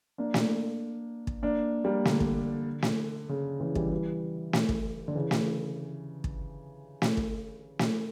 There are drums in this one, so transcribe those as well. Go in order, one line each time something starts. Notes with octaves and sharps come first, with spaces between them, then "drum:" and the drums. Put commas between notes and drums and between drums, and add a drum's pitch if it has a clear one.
A#3 D4
drum: snare
drum: kick
A#3 D4
G3 A#3
D3, drum: snare
drum: kick
drum: snare
C#3
C#3 E3
E3 G3, drum: kick
E3 G3
drum: snare
drum: kick
D3
C#3 E3
drum: snare
drum: kick
drum: snare
drum: kick
drum: snare